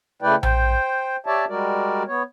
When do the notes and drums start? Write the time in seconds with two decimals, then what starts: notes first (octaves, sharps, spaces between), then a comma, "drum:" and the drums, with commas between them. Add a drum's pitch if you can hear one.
0.22 C#3 A3 E4 B4 D5 G5
0.43 C5 G5, drum: tom A#1
1.26 G4 C#5 D5 E5 A5
1.49 G3 G#3 F#4 A#4 D5
2.07 B3 C#5